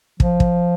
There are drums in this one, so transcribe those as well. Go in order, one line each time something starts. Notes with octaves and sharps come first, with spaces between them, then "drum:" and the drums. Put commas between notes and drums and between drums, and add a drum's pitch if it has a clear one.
F3, drum: kick
drum: kick